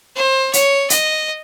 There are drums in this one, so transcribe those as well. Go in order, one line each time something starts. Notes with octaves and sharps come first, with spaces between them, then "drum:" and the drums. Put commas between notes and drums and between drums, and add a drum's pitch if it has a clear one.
C5
C#5, drum: hi-hat
D#5, drum: hi-hat